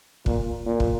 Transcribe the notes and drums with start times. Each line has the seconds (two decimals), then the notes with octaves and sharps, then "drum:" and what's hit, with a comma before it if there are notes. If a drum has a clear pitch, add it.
0.26 A#2, drum: kick
0.66 A#2
0.80 drum: kick